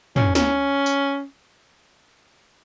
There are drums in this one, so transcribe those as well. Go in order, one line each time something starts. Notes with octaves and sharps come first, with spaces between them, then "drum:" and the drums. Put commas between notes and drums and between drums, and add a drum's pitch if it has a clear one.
C#4, drum: tom
C#4, drum: snare
drum: tambourine